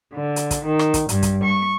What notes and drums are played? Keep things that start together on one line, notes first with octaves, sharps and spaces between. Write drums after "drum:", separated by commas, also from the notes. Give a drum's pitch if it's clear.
D3
drum: hi-hat
drum: kick, hi-hat
D#3
drum: rim click
drum: kick, hi-hat
G2, drum: hi-hat
drum: kick, hi-hat
C#6